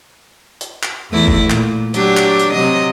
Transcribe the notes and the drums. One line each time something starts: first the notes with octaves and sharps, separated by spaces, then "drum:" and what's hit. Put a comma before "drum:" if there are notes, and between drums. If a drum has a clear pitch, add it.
drum: hi-hat
drum: clap
E2 A3 E4
drum: kick
A#2, drum: clap
F#3 D4 G4, drum: hi-hat
drum: clap
drum: hi-hat
C3 F#3 D#5